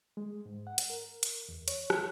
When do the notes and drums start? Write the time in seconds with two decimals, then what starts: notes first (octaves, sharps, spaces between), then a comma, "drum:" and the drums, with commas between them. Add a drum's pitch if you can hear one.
0.17 G#3
0.46 G#2
0.67 F#5
0.78 drum: hi-hat
0.90 A#4
1.23 drum: hi-hat
1.49 E2
1.68 C#5, drum: hi-hat
1.90 drum: rim click